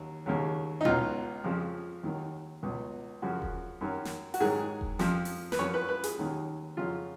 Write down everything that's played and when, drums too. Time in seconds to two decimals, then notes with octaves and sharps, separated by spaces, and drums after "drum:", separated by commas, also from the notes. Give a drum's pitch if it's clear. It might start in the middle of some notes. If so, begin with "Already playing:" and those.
Already playing: D#2 F#3
0.26 D#2 C#3 F#3
0.81 D#4
0.85 C#2 B2 F#3 F4, drum: tom A#2
1.44 F2 C#3 F3
2.03 D#2 D#3 F#3
2.63 C#2 B2 F#3
3.22 F#2 C#3 F3 F#4
3.42 drum: kick E1
3.81 F#2 D#3 F#3
4.05 drum: snare
4.34 F#4, drum: open hi-hat
4.40 G#2 D#3 F#3 G#4
4.81 drum: kick E1
4.99 F2 F3, drum: snare
5.25 drum: open hi-hat
5.52 B4, drum: snare
5.59 F#2 F3 C#5
5.74 B4
5.89 B4
6.04 G#4, drum: hi-hat
6.18 D#2 D#3 F#3
6.77 F2 C#3 F#3 F4